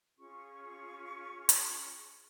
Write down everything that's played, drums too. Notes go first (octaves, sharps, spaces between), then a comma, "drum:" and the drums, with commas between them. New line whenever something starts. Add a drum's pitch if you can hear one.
C#4 F4 G#4 C#6
drum: hi-hat